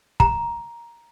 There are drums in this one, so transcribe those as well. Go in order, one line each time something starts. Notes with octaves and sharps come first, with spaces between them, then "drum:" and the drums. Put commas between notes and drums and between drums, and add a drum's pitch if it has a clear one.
A#5, drum: kick